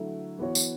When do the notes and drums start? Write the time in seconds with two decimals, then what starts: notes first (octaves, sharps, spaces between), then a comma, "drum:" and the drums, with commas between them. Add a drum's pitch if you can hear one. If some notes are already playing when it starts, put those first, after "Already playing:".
Already playing: D3 F#3 A3 E4
0.39 E3 B3 F#4 C#5
0.55 drum: tambourine